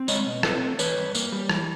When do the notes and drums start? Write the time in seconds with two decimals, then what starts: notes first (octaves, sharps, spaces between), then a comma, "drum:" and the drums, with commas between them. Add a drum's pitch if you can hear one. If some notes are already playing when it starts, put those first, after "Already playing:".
Already playing: C4
0.08 G#3 C#5 D#5, drum: tambourine
0.26 B2
0.43 C4 A4 B4, drum: rim click
0.62 A3
0.79 E3 B4 C#5, drum: tambourine
0.97 G2
1.15 A#3, drum: tambourine
1.32 G3
1.50 E3, drum: rim click